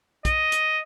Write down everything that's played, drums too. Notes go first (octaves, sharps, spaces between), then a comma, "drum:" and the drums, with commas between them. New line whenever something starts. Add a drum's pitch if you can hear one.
D#5, drum: kick, hi-hat
drum: hi-hat